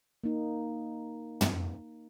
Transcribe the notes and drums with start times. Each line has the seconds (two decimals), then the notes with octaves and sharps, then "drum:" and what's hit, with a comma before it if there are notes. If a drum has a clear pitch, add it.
0.24 A#3 D#4
1.41 drum: tom